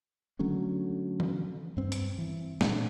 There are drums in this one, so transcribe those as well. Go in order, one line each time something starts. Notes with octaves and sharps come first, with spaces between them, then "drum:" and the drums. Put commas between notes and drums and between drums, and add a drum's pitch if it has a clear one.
D3 F#3 A3 C#4
drum: tom E3
G2 C4
drum: hi-hat
E3
A#2 A3 C4 D4, drum: snare